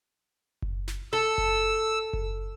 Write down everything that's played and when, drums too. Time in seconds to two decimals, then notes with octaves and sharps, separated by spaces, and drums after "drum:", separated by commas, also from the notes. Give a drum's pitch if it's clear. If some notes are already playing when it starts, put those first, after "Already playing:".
0.62 drum: kick F#1
0.88 drum: snare
1.13 A4 E6
1.38 drum: kick F#1
2.13 drum: kick F#1